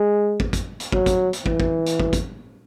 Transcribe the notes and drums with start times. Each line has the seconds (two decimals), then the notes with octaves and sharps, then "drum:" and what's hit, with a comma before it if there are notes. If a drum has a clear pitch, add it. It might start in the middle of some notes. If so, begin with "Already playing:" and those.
Already playing: G#3
0.40 drum: kick
0.53 drum: kick, hi-hat
0.80 drum: hi-hat
0.92 F#3, drum: kick
1.06 drum: kick, hi-hat
1.33 drum: hi-hat
1.46 E3, drum: kick
1.60 drum: kick
1.86 drum: hi-hat
2.00 drum: kick
2.13 drum: kick, hi-hat